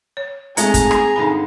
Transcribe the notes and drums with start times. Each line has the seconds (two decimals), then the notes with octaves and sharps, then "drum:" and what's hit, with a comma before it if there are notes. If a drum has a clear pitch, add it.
0.17 C#5
0.57 G#3 A3 C4 D#4 G#4 D#5 A#5, drum: hi-hat
0.74 drum: kick, hi-hat
0.91 drum: rim click
1.16 G2 D3 D#4 G#5 B5